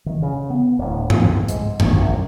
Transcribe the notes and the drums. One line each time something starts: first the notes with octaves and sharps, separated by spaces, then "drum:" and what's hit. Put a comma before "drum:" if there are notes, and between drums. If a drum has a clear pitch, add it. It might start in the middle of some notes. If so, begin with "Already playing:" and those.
D#3
C#3
B3
D1
F3, drum: tom F#2
C2
G#2, drum: hi-hat
G#2
G#1, drum: tom F#2
A#1
F#2